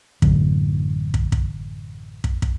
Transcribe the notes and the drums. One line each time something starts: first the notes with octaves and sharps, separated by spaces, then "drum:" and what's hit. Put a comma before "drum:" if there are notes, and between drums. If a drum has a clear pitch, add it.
A1 F#2 D3, drum: kick
drum: kick
drum: kick
drum: kick
drum: kick